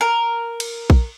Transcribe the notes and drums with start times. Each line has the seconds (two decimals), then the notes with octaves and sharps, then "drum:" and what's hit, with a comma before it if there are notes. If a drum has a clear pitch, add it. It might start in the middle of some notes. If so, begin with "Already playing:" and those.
0.01 A#4
0.60 drum: cymbal
0.90 drum: kick A#1